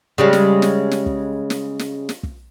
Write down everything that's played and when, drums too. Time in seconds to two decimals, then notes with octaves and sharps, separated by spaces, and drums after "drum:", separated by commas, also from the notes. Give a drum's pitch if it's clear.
0.18 C#3 G3 G#3
0.33 drum: snare
0.62 drum: snare
0.91 drum: snare
1.06 drum: kick
1.50 drum: snare
1.79 drum: snare
2.09 drum: snare
2.23 drum: kick